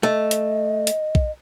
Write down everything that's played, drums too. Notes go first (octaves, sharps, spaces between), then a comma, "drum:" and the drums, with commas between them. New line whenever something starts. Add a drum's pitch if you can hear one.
A3 D#5
drum: hi-hat
drum: hi-hat
drum: kick